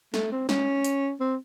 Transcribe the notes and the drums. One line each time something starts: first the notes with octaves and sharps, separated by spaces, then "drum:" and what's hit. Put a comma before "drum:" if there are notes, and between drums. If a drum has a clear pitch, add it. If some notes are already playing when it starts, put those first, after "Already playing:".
A3, drum: snare
C4
C#4, drum: snare
drum: hi-hat
C4